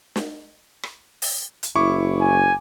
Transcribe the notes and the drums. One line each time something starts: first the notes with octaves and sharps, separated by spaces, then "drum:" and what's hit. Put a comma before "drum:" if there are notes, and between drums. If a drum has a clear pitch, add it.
drum: snare
drum: rim click
drum: open hi-hat
drum: hi-hat
F#1 E4 C#6 D6
G#5